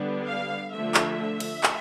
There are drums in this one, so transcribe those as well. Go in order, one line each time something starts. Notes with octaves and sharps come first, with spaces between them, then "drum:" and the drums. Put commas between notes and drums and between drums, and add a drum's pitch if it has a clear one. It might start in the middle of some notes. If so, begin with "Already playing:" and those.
Already playing: D3 G3 B3 D4
F5
D3 F3 A3 E5
drum: clap
drum: cymbal
drum: clap